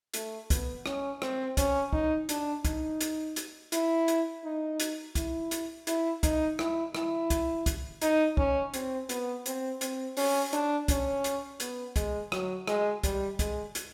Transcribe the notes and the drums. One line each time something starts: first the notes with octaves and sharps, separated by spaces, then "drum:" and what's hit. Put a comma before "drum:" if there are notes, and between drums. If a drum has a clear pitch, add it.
A3, drum: hi-hat
B3, drum: kick, hi-hat
C#4, drum: rim click
C4, drum: rim click
C#4, drum: kick, hi-hat
D#4, drum: kick
D4, drum: hi-hat
D#4, drum: kick, hi-hat
drum: hi-hat
drum: hi-hat
E4, drum: hi-hat
drum: hi-hat
D#4
drum: hi-hat
E4, drum: kick, hi-hat
drum: hi-hat
E4, drum: hi-hat
D#4, drum: kick, hi-hat
E4, drum: rim click
E4, drum: rim click
drum: kick, hi-hat
drum: kick, hi-hat
D#4, drum: hi-hat
C#4, drum: kick
C4, drum: hi-hat
B3, drum: hi-hat
C4, drum: hi-hat
C4, drum: hi-hat
C#4, drum: open hi-hat
D4, drum: hi-hat
C#4, drum: kick, hi-hat
drum: hi-hat
B3, drum: hi-hat
G#3, drum: kick, hi-hat
F#3, drum: rim click
G#3, drum: rim click
G3, drum: kick, hi-hat
G#3, drum: kick, hi-hat
drum: hi-hat